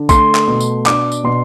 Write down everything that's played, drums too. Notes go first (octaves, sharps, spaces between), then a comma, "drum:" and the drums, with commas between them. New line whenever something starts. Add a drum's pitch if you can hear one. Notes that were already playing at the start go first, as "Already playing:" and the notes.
Already playing: D3
A3 C6, drum: kick A#1, tambourine
drum: clap
B2
drum: tambourine
D4 D6, drum: clap
drum: tambourine
B2 C6